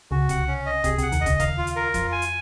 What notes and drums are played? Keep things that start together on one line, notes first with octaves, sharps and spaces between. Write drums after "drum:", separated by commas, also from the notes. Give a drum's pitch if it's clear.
C#2 C#3 F#4
C2 C3 F#5, drum: kick, hi-hat
C#4
D#5
C2 C3 G#4, drum: kick, hi-hat
C2 C3 F#5, drum: hi-hat
D#2 D#3, drum: hi-hat
D#5
C#2 C#3, drum: kick, hi-hat
D#2 D#3 F5, drum: kick, hi-hat
F4
drum: hi-hat
A#4
F2 F3 F4, drum: kick, hi-hat
G#5
drum: hi-hat